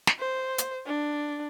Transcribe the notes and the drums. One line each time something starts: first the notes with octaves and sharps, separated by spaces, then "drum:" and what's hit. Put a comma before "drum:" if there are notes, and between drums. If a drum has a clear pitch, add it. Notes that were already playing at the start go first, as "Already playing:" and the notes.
drum: snare
C5
drum: hi-hat
D4